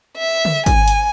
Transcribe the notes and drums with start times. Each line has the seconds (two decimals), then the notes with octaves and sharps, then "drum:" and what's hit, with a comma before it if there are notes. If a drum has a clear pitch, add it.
0.18 E5
0.45 drum: tom C#3
0.66 G#5, drum: kick, hi-hat
0.88 drum: hi-hat